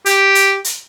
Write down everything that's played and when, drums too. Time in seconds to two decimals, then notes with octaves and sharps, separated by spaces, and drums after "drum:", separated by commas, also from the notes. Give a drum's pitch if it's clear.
0.06 G4, drum: hi-hat
0.35 drum: hi-hat
0.64 drum: hi-hat